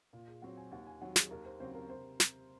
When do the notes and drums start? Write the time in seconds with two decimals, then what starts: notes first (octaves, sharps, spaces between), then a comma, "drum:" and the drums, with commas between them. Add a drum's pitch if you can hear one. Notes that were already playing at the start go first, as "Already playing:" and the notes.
0.13 A#2 F4
0.28 G#4
0.42 F#3 C4 F#4 C5 F#5
0.57 G#5
0.72 D#2 F#5
0.87 G#5
1.01 D#3 F#3 C4 F#5
1.16 G#4, drum: snare
1.30 D#2 A#4
1.45 C5
1.60 C#3 F#3 C4 F#4 C5
1.75 A#4
1.89 C3 C5
2.20 drum: snare